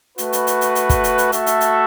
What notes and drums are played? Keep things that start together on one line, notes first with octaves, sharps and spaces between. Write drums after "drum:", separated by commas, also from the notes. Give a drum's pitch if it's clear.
A3 F#4 B4, drum: hi-hat
drum: hi-hat
drum: hi-hat
drum: hi-hat
drum: hi-hat
drum: kick, hi-hat
drum: hi-hat
drum: hi-hat
A3 F#4 A4 E5, drum: hi-hat
drum: hi-hat
drum: hi-hat